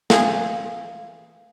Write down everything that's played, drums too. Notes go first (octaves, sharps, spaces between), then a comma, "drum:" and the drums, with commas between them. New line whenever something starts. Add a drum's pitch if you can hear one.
E3 G#4 F5, drum: snare